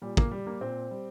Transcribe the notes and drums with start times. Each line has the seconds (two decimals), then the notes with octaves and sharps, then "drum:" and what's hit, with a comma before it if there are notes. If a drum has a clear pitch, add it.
0.02 A#2 G3
0.17 A#3, drum: kick
0.31 G3
0.47 A#3
0.61 A#2 C4
0.91 G3